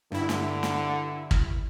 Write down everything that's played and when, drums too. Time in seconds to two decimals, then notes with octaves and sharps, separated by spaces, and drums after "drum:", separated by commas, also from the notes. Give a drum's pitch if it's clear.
0.12 G2 D3 E4
0.29 drum: snare
0.63 drum: snare
1.31 drum: kick